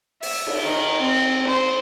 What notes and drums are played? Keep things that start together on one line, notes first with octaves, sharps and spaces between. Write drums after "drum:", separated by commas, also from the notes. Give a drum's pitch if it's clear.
E5, drum: open hi-hat
drum: cymbal
D#3
C4
C5